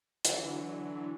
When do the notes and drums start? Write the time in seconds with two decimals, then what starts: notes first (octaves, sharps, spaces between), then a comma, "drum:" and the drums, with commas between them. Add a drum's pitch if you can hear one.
0.25 D3 E3 F#3, drum: hi-hat